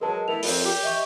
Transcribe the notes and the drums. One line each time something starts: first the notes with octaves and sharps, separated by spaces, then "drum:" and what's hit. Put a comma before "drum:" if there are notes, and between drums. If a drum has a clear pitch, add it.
F#3 G#3 A#4 B4 A5
A3 B3 E4 A#4 F7
F2, drum: open hi-hat
G4
D#5 E5 C#6